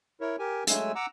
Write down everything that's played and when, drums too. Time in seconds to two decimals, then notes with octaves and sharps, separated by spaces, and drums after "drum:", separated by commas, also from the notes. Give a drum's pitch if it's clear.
0.21 E4 A#4 C#5
0.39 G4 A#4 G#5
0.67 F#3 G#3 A3 G#5 E6, drum: hi-hat
0.95 F#5 A#5 D6 E6